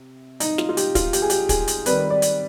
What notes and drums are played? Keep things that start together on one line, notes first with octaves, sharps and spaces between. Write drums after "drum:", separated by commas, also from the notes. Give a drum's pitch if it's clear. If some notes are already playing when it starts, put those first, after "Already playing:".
Already playing: C3
D#4, drum: hi-hat
F4, drum: snare
F4
G4, drum: hi-hat
F4, drum: kick, hi-hat
G4, drum: hi-hat
G#4
G4, drum: hi-hat
G#4, drum: kick, hi-hat
drum: hi-hat
D#3 G3 C4 B4, drum: hi-hat
D5
drum: hi-hat